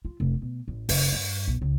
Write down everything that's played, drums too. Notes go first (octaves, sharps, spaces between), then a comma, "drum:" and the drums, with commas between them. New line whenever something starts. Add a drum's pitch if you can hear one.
F4
F1
B2
A1
F#1, drum: open hi-hat
G2
B1
C#2